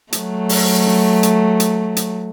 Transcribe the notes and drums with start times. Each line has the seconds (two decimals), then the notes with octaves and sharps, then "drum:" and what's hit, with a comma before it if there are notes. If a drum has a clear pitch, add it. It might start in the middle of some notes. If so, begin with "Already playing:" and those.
0.12 F#3 A3, drum: hi-hat
0.49 drum: open hi-hat
0.86 drum: snare
1.23 drum: hi-hat
1.60 drum: hi-hat
1.97 drum: hi-hat